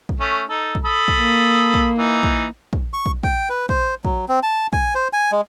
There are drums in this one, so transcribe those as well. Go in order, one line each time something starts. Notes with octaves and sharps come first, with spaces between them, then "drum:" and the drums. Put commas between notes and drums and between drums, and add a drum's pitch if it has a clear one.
drum: kick
A3 C#4
D#4 A4
drum: kick
A4 B5 D#6
drum: kick
A#3
drum: kick
E3 D#4
drum: kick
drum: kick
C#6
drum: kick
G5, drum: kick
B4
C5, drum: kick
F#3, drum: kick
C4
A5
G#5, drum: kick
C5
G#5
G#3